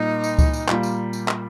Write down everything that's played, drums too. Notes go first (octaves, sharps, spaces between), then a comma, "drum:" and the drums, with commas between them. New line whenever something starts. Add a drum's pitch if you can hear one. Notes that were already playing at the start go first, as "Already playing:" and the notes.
Already playing: A#2 G3 A#3 D#4
drum: tambourine
drum: kick C#2, tambourine
drum: tambourine
A#2 G3 A#3 F4, drum: clap
drum: tambourine
drum: tambourine
drum: clap